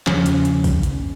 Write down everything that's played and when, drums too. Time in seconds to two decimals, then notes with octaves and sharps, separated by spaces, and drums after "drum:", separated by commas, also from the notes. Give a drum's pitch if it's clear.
0.07 E2 C#3 F3 C#4, drum: clap
0.26 drum: hi-hat
0.45 drum: hi-hat
0.64 drum: kick, open hi-hat
0.83 drum: hi-hat